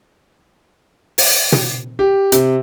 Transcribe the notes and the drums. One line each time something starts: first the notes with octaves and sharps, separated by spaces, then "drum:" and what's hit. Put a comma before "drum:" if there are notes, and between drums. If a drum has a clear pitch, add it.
drum: open hi-hat
drum: tom
G4
C3, drum: hi-hat